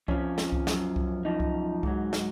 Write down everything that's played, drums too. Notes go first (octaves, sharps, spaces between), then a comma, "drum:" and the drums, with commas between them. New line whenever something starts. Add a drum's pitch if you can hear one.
F2 F3 C#4, drum: kick C2
drum: snare
drum: kick C2
F#2 F3, drum: snare
drum: kick C2
F#2 F3 D#4
drum: kick C2
G#2 F#3, drum: kick C2
drum: snare